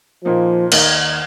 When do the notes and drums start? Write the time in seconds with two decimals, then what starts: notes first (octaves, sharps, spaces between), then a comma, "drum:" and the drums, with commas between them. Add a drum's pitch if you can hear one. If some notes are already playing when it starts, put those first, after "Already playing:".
0.24 A#2 F3 A#3 D#4
0.72 D#2 D#3 A#3 D#4, drum: cymbal